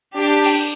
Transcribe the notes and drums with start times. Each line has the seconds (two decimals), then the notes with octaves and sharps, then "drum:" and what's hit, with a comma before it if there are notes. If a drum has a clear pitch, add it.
0.17 D4 G4
0.43 drum: open hi-hat